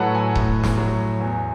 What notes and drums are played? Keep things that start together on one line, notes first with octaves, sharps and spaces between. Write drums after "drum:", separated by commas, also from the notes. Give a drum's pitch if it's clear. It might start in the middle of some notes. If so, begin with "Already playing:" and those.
Already playing: A2 F#3 A4 B4 F#5
G#5
A2, drum: kick D#1
drum: snare
F#3
E2